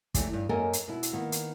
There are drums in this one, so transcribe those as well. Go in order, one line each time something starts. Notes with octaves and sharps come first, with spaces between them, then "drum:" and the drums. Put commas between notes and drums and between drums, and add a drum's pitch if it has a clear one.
C3 E3 F#3 G3 A3, drum: kick, hi-hat
G2
F#2 A#3 A4 A#4 D#5 G#5
drum: hi-hat
B2 E4
drum: hi-hat
D#3 A#3 B3
drum: hi-hat